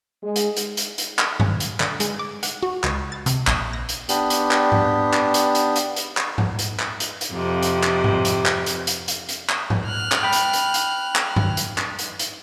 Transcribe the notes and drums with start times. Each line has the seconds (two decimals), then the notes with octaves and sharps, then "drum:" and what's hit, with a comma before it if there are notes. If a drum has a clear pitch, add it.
0.22 G#3
0.36 drum: hi-hat
0.57 drum: hi-hat
0.77 drum: hi-hat
0.98 drum: hi-hat
1.19 drum: clap
1.40 drum: tom G2
1.60 drum: hi-hat
1.80 D3, drum: clap
2.00 G#3, drum: hi-hat
2.19 D6
2.43 F#5, drum: hi-hat
2.63 F#4
2.84 C#2, drum: clap
3.12 A6
3.26 C3, drum: hi-hat
3.47 A#1, drum: clap
3.73 A#6
3.89 drum: hi-hat
4.09 B3 D4 G4, drum: hi-hat
4.30 drum: hi-hat
4.51 drum: clap
4.72 drum: tom G#2
5.13 drum: clap
5.34 drum: hi-hat
5.55 drum: hi-hat
5.76 drum: hi-hat
5.96 drum: hi-hat
6.17 drum: clap
6.38 drum: tom G#2
6.59 drum: hi-hat
6.80 drum: clap
7.00 drum: hi-hat
7.21 drum: hi-hat
7.33 F2 C3
7.63 drum: hi-hat
7.83 drum: clap
8.04 drum: tom G#2
8.25 drum: hi-hat
8.46 drum: clap
8.66 drum: hi-hat
8.87 drum: hi-hat
9.08 drum: hi-hat
9.29 drum: hi-hat
9.49 drum: clap
9.70 drum: tom G#2
9.86 F6 F#6
10.12 drum: clap
10.23 G5 B5
10.33 drum: hi-hat
10.53 drum: hi-hat
10.74 drum: hi-hat
11.16 drum: clap
11.36 drum: tom G2
11.57 drum: hi-hat
11.78 drum: clap
11.99 drum: hi-hat
12.19 drum: hi-hat